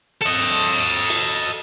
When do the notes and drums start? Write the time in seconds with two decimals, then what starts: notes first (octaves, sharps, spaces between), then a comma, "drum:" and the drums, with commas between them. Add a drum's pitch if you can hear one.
0.21 A4 D#5
1.10 drum: cymbal